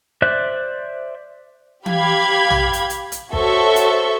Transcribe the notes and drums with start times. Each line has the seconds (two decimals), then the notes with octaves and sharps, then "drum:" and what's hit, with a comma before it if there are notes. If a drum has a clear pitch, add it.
0.22 C5 D5 E5 F#6
1.86 G4 F5 B5 G#6, drum: tom E3
2.50 drum: tom
2.73 drum: hi-hat
2.90 drum: hi-hat
3.12 drum: hi-hat
3.33 F#4 A4 C5 C#5 E5 C#6, drum: kick
3.76 drum: hi-hat